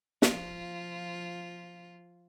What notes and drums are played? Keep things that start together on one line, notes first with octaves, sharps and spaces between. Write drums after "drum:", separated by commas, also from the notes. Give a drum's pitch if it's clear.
F3 F4, drum: snare